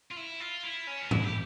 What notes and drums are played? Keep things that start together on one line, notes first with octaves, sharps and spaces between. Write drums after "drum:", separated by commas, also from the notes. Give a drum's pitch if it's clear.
F4
E4
F4
E4
C#4
F4
E4, drum: tom G2
G4